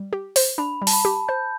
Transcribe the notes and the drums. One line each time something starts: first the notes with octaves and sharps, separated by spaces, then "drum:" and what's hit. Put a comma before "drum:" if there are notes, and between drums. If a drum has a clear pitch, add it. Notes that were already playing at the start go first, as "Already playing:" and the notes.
Already playing: G3
G4
C5, drum: open hi-hat
D4 B5
G3
A5, drum: open hi-hat
B5
G4
C5 G6